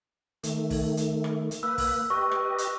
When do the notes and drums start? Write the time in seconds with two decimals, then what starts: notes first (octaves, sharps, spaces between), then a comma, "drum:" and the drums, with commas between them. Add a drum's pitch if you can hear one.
0.43 D#3 A3, drum: hi-hat
0.70 drum: kick, open hi-hat
0.97 drum: hi-hat
1.24 drum: rim click
1.51 drum: hi-hat
1.63 A#3 B4 E6
1.78 drum: kick, open hi-hat
2.10 G4 B4 D#5 C#6
2.32 drum: rim click
2.58 drum: hi-hat